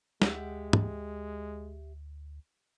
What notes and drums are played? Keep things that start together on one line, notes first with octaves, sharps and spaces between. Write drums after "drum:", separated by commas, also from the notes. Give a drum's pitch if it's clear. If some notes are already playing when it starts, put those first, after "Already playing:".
D2 G#3 G4 E5 F#5, drum: snare
drum: tom